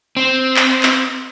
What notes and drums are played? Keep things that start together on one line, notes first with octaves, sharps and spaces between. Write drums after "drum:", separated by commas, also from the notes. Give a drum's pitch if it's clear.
C4
drum: clap
drum: clap